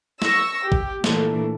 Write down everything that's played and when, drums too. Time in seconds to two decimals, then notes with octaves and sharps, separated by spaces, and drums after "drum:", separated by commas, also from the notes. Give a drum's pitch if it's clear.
0.22 C#6 E6 A#6, drum: snare
0.63 G4
0.72 drum: kick G#1
1.04 A#2 E3 A3 D4, drum: snare